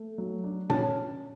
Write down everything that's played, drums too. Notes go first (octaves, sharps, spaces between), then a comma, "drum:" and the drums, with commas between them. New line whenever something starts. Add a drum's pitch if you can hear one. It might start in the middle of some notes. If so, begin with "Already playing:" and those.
Already playing: A3
F#3
D4
C#4 A5, drum: tom A#2